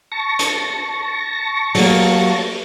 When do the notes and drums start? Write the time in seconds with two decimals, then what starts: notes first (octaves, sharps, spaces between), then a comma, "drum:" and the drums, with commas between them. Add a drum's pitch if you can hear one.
0.12 A5 C#6 A#6
0.39 drum: hi-hat
1.75 F#3 A#3, drum: open hi-hat